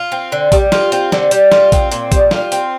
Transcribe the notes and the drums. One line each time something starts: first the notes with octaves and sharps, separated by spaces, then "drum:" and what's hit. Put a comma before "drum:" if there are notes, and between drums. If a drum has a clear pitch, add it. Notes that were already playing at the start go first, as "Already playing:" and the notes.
Already playing: F4
C4
D3
G3, drum: kick, hi-hat
F4, drum: snare
C4, drum: hi-hat
D3, drum: snare
G3, drum: hi-hat
F4, drum: snare
C4, drum: kick, hi-hat
A#2, drum: hi-hat
G3, drum: kick, hi-hat
F4, drum: snare
C4, drum: hi-hat